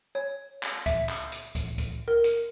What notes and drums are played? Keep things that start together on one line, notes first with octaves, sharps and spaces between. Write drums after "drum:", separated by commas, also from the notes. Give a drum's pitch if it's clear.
C#5
drum: clap
E5, drum: kick C#2, hi-hat
drum: clap
drum: hi-hat
drum: kick C#2, hi-hat
drum: kick C#2, hi-hat
A#4
drum: hi-hat